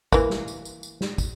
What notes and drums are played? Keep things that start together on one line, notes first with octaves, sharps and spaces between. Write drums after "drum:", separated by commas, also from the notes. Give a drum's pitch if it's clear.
E3 A#3, drum: kick, tambourine
drum: snare
drum: tambourine
drum: tambourine
drum: tambourine
drum: snare
drum: kick, tambourine